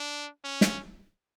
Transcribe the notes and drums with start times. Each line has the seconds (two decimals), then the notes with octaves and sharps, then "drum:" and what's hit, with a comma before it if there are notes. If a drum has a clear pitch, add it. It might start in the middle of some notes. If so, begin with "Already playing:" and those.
Already playing: D4
0.44 C#4
0.61 drum: snare